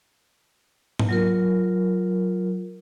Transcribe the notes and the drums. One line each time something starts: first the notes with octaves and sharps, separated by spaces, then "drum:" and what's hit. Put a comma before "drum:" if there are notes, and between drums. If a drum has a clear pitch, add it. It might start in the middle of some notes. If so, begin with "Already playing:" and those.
drum: tom G#2
F#3 F4 A#4